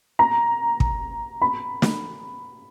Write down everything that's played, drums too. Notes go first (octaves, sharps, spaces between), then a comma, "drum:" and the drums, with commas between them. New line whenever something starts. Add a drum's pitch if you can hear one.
A#5
drum: kick
B5
drum: snare